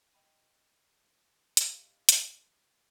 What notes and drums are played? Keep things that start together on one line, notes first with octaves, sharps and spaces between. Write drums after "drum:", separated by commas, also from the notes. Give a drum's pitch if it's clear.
D#5 G5 B5 D#7
G4 D#5 F5, drum: hi-hat
drum: hi-hat